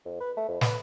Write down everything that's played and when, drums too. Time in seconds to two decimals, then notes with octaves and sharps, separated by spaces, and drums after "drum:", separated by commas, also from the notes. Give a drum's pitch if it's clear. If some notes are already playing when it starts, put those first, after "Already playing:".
0.05 F2
0.20 B4
0.37 A3
0.49 F2
0.61 B4, drum: snare